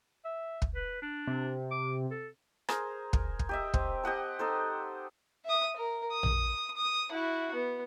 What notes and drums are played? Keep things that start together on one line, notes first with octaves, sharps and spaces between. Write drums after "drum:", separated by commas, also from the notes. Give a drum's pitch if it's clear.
E5
drum: kick
B4
D4
C3
D6
A4
G#4 A#4 C5, drum: rim click
A#4, drum: kick
drum: kick
G4 D#5 E5
C4, drum: kick
G4 D#5 F#5 A5
D#4 A4 C5
E5 D#6
A#4
D#6
drum: tom A#1
D#6
E4 F#4
B3